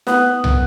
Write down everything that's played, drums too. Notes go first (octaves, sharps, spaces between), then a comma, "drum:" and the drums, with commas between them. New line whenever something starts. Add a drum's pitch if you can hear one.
B3, drum: snare
drum: tom